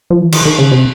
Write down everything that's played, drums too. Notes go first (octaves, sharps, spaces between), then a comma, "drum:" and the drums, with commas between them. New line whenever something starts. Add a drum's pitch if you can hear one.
F3
E3
D#3, drum: cymbal
D#3
C#3
C3